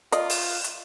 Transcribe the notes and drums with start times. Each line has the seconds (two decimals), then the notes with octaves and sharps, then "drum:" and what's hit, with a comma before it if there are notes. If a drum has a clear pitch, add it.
0.12 F4 D5 D#5, drum: hi-hat
0.30 drum: open hi-hat
0.64 drum: hi-hat